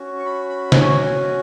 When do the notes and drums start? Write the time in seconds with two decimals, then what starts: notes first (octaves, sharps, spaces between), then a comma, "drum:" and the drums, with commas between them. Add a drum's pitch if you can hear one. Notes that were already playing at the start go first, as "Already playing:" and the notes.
Already playing: C#4 F#4
0.19 C#6
0.25 B5
0.49 B5
0.72 G#5, drum: snare